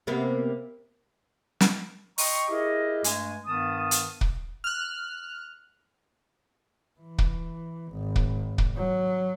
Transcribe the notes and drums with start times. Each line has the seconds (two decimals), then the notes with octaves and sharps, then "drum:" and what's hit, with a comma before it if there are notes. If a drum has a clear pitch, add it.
0.07 C3 A#3 B3
1.61 drum: snare
2.18 D#5 G5 A#5 C6 C#6, drum: open hi-hat
2.49 E4 G4 G#4 A#4 D#5
3.04 G2 G#3 A3 E5 G#5, drum: hi-hat
3.46 G2 D#3 B3 A5 D#6
3.91 drum: hi-hat
4.21 drum: kick
4.64 F6 F#6
7.00 E3
7.18 drum: kick
7.91 G#1
8.16 drum: kick
8.58 drum: kick
8.76 F#3